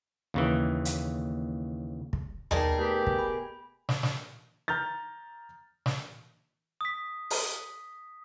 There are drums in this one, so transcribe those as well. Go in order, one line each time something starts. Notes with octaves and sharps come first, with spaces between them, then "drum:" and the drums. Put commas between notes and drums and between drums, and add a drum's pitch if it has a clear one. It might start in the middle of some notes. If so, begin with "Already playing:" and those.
D#2 C#3 E3
drum: hi-hat
drum: kick
B2 D#4 G#4 A#4 D5 G5 A5, drum: tom D#2
A3 G4 B4 B6
drum: kick
B5
drum: snare
drum: snare
A#5 F6 G6 A6
drum: snare
D#6 B6
drum: open hi-hat